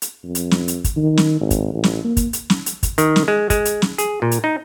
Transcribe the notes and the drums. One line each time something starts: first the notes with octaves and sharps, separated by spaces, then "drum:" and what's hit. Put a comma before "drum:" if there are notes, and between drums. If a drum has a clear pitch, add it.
drum: hi-hat
F2
drum: hi-hat
drum: snare
drum: hi-hat
drum: kick, hi-hat
D#3
drum: snare
G#1
drum: kick, hi-hat
A1
drum: snare
A#3
drum: kick, hi-hat
drum: hi-hat
drum: snare
drum: hi-hat
drum: kick, hi-hat
D#3, drum: hi-hat
drum: snare
G#3
G#3, drum: kick, hi-hat
drum: hi-hat
drum: snare
G#4, drum: hi-hat
A#2
drum: hi-hat
D#4